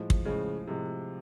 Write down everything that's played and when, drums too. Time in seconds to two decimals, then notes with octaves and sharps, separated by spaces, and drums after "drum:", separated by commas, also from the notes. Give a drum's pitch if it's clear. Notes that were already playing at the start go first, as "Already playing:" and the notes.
Already playing: A2 F3 G#3
0.10 drum: kick
0.25 A2 C#3 F3 G#3
0.67 A2 C3 F3 G#3